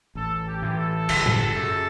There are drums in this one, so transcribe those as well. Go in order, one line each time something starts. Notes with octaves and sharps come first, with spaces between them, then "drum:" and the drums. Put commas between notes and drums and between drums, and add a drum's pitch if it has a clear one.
A1 A4
G4
A2 E3
A4
G1, drum: cymbal
drum: tom A2
F#2 C#3